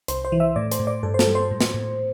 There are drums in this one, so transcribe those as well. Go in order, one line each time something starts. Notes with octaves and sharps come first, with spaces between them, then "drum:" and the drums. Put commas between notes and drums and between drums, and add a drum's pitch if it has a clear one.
C2 C5, drum: hi-hat
C5
E3
E5
A2 D5
C5, drum: hi-hat
A2
D5
G2 A4
C5
A4, drum: snare
G3
C5
A2
drum: snare
A2